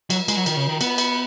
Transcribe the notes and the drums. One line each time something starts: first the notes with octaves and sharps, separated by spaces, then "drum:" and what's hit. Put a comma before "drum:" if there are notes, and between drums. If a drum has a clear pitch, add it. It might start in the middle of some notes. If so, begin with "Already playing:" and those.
F#3, drum: cymbal
G#3, drum: cymbal
F#3
D#3, drum: cymbal
C#3
D#3
B3, drum: cymbal
drum: cymbal